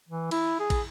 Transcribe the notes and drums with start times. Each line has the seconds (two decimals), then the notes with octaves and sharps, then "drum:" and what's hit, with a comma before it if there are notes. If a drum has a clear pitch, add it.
0.09 E3
0.31 E4, drum: cymbal
0.60 G#4
0.70 drum: kick, cymbal